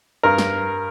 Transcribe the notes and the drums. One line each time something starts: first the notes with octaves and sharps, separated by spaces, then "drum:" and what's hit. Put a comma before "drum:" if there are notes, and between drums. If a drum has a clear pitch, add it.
G2 A#4
drum: snare